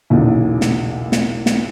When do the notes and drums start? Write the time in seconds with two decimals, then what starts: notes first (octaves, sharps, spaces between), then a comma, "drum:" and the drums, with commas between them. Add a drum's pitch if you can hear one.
0.10 B1 E2 A#2 C#3
0.61 drum: snare
1.12 drum: snare
1.46 drum: snare